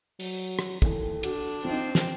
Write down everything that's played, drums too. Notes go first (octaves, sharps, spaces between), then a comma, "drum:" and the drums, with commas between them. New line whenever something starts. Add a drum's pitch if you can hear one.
F#3, drum: open hi-hat
drum: rim click
D#2 E3 A4, drum: kick
D4 F#4, drum: cymbal
F3 C4 D#4
drum: snare